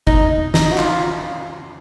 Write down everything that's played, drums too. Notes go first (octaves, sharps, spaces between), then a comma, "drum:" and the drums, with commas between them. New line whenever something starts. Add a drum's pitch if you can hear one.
D#4, drum: kick G1
D#4, drum: snare
F#4
F4, drum: clap